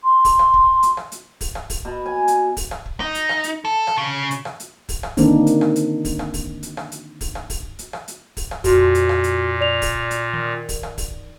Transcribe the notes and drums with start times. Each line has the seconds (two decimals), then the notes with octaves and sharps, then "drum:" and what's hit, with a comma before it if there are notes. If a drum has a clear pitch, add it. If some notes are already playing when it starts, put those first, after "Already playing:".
0.04 C6
0.25 drum: kick, open hi-hat
0.39 drum: rim click
0.54 drum: kick
0.83 drum: hi-hat
0.97 drum: rim click
1.12 drum: hi-hat
1.41 drum: kick, open hi-hat
1.55 drum: rim click
1.70 drum: kick, open hi-hat
1.85 B2
2.06 G#5
2.28 drum: hi-hat
2.57 drum: kick, open hi-hat
2.71 drum: rim click
2.86 drum: kick
3.00 D#4
3.15 drum: hi-hat
3.29 drum: rim click
3.44 drum: hi-hat
3.65 A4
3.87 drum: rim click
3.97 C#3
4.31 drum: hi-hat
4.45 drum: rim click
4.60 drum: hi-hat
4.89 drum: kick, open hi-hat
5.03 drum: rim click
5.17 D3 D#3 A#3 C4 D4 D#4, drum: kick, open hi-hat
5.47 drum: hi-hat
5.61 drum: rim click
5.76 drum: hi-hat
6.05 drum: kick, open hi-hat
6.19 drum: rim click
6.34 drum: kick, open hi-hat
6.63 drum: hi-hat
6.77 drum: rim click
6.92 drum: hi-hat
7.21 drum: kick, open hi-hat
7.35 drum: rim click
7.50 drum: kick, open hi-hat
7.79 drum: hi-hat
7.93 drum: rim click
8.08 drum: hi-hat
8.37 drum: kick, open hi-hat
8.51 drum: rim click
8.64 F2 A#2 F#4, drum: kick, open hi-hat
8.95 drum: hi-hat
9.09 drum: rim click
9.24 drum: hi-hat
9.61 D5 F7
9.82 drum: kick, open hi-hat
10.11 drum: hi-hat
10.33 D#3
10.69 drum: kick, open hi-hat
10.83 drum: rim click
10.98 drum: kick, open hi-hat